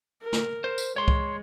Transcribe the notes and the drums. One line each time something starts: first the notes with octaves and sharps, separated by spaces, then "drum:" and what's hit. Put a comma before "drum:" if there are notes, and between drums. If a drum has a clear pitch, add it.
A#4
drum: snare
C5
drum: tambourine
G#3 C#5 C6
drum: kick C2